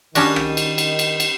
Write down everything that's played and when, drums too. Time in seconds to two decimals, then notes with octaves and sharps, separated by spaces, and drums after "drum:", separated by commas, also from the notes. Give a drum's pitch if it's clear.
0.15 D#3 G3 C#4 D4 F#4 A5 D#6, drum: cymbal
0.36 drum: rim click
0.57 drum: cymbal
0.78 drum: cymbal
0.99 drum: cymbal
1.20 drum: cymbal